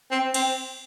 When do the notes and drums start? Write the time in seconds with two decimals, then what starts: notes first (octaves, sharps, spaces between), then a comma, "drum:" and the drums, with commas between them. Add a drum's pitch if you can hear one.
0.11 C4
0.34 C4, drum: cymbal